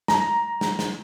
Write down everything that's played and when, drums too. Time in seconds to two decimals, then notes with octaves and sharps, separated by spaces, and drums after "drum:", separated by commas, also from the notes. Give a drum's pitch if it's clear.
0.08 A#5, drum: snare
0.61 drum: snare
0.79 drum: snare